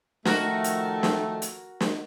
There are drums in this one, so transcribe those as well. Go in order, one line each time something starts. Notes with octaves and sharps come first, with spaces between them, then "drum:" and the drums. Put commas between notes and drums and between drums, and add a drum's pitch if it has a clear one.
D#3 F3 A3 F#4 A#4, drum: snare
drum: hi-hat
drum: snare
drum: hi-hat
drum: snare